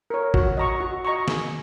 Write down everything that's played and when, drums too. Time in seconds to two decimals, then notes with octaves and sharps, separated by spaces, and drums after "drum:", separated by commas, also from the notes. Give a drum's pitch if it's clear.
0.10 A#4 C#5
0.34 F#4, drum: kick
0.57 D#5 A#5 C#6
0.80 F#4
1.05 D#5 A#5 C#6
1.28 G#4, drum: snare